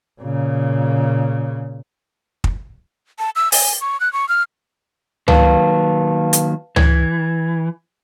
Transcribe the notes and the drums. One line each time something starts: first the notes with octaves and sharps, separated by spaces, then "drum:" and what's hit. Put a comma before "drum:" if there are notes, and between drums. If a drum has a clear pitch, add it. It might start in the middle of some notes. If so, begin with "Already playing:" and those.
A#2 C#3
drum: kick
A5
E6
G#5, drum: open hi-hat
C#6
F#6
C#6
F6
D#3 F#3 A#3 B4 F5 A5, drum: tom C#2
drum: hi-hat
E3 G#6, drum: tom C#2